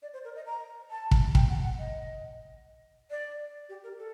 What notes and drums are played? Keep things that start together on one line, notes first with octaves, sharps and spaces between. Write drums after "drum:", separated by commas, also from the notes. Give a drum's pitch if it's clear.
D5
C5
A#4
D#5
A#5
A5
drum: kick
G5, drum: kick
F#5
F#5
D#5
D5
G4
A#4
A4